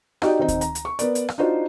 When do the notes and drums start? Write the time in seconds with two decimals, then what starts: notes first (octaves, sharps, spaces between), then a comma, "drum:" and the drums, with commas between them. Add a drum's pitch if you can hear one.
0.22 D#4 F#4 G4 D5 D#5, drum: rim click
0.39 D#3 C4 D#4
0.48 drum: kick D2, hi-hat
0.61 A#5, drum: hi-hat
0.75 drum: hi-hat
0.85 C#6
0.99 B3 A#4 D5, drum: hi-hat
1.15 drum: hi-hat
1.29 drum: rim click
1.38 D4 D#4 F4 F#4 C5